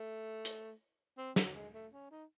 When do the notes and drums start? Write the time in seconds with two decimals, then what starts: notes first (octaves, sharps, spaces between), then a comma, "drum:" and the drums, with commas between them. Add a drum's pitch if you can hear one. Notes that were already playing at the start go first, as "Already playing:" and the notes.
Already playing: A3
0.45 drum: hi-hat
1.18 C4
1.36 F#3, drum: snare
1.54 G#3
1.74 A3
1.93 C#4
2.11 D#4